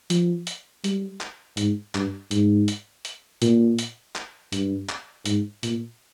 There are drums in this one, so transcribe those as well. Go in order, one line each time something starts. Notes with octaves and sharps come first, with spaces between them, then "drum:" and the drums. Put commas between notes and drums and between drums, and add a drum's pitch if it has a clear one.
F3, drum: hi-hat
drum: hi-hat
G3, drum: hi-hat
drum: clap
G#2, drum: hi-hat
G2, drum: clap
G#2, drum: hi-hat
drum: hi-hat
drum: hi-hat
A#2, drum: hi-hat
drum: hi-hat
drum: clap
G2, drum: hi-hat
drum: clap
G#2, drum: hi-hat
A#2, drum: hi-hat